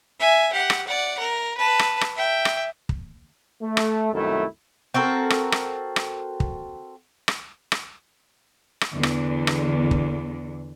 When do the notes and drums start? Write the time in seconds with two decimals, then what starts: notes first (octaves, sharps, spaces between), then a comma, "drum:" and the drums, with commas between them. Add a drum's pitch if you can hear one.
0.19 E5 G#5
0.53 G4 F#5
0.70 drum: rim click
0.87 D5 F#5
1.20 A#4
1.57 B4 A5
1.79 drum: rim click
2.01 drum: rim click
2.15 E5 G5
2.45 drum: rim click
2.89 drum: kick
3.62 A3
3.77 drum: rim click
4.12 C2 F#2 D#3 A3 E4 A4
4.94 C4 F#4 A4 A#4
5.30 drum: rim click
5.52 drum: rim click
5.96 drum: rim click
6.40 drum: kick
7.28 drum: rim click
7.72 drum: rim click
8.81 drum: rim click
8.94 E2 D3
9.03 drum: rim click
9.47 drum: rim click
9.91 drum: kick